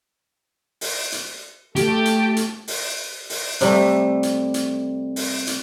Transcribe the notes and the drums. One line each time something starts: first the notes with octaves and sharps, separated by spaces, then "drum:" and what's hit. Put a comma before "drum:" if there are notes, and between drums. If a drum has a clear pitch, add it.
drum: open hi-hat
drum: hi-hat
A3 G4 A5, drum: hi-hat
drum: hi-hat
drum: hi-hat
drum: open hi-hat
drum: open hi-hat
C3 G3 A3, drum: hi-hat
drum: hi-hat
drum: hi-hat
drum: open hi-hat
drum: hi-hat